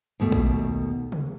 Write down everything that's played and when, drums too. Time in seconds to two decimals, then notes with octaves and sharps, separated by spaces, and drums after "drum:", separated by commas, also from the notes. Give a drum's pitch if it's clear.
0.20 D#2 B2 A3
0.32 drum: kick A#1
1.12 drum: tom